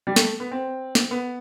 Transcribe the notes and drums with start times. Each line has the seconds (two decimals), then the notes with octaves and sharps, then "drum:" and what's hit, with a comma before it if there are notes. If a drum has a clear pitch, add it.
0.07 G3
0.16 A3, drum: snare
0.40 B3
0.51 C4
0.95 drum: snare
1.11 B3